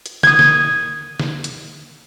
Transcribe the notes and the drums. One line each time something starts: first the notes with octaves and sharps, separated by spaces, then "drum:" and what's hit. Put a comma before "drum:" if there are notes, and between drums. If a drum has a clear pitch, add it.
drum: hi-hat
D#6 G#6, drum: snare
drum: snare
drum: snare
drum: hi-hat